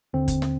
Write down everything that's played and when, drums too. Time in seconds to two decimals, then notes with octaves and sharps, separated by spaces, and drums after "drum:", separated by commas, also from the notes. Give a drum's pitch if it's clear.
0.13 D#2 D3 C4
0.28 drum: kick F#1, hi-hat
0.42 drum: snare